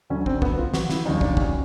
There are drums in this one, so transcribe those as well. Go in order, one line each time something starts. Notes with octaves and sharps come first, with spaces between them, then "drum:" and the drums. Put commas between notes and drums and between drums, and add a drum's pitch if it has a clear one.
D2 D3 F#3 C#4
C4, drum: kick
B3, drum: kick
F4
F#4, drum: snare
E4, drum: snare
F1 D#2 C#3 F#3 D#4
D4, drum: kick
C#4, drum: kick